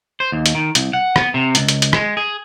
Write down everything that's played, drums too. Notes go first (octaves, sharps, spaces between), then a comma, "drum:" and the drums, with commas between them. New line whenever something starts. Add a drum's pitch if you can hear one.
C5
D#2
drum: hi-hat
D#3
C2, drum: hi-hat
F#5
B3, drum: rim click
C3
C#2, drum: hi-hat
drum: hi-hat
drum: hi-hat
G#3, drum: rim click
G#4